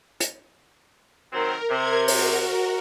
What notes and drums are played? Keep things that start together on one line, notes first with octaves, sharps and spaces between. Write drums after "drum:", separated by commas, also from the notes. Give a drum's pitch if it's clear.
drum: hi-hat
D#3 F#3 C4 A#4
C3 A#4 G#6
F#4 A#4, drum: open hi-hat